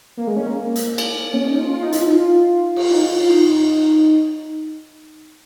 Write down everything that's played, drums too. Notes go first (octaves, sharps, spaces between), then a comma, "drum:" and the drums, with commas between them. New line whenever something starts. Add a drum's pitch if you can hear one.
A#3
G#3
C#4
A#3
drum: hi-hat
drum: cymbal
C#4
D#4
F4
F4
D#4
F4, drum: hi-hat
D#4
F4
drum: cymbal
D#4
F4
F4
D#4